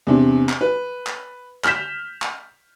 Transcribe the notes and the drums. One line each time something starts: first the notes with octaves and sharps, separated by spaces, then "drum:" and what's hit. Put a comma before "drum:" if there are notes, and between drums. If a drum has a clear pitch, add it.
E2 C3 D4
drum: clap
B4
drum: clap
F6 G6 B6 E7, drum: clap
drum: clap